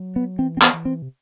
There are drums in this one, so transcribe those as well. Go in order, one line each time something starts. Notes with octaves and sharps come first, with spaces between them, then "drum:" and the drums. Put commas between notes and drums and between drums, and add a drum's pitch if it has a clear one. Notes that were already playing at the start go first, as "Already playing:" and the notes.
Already playing: F#3
B3
E3 C4
C4
B3, drum: clap
E3
C4
C3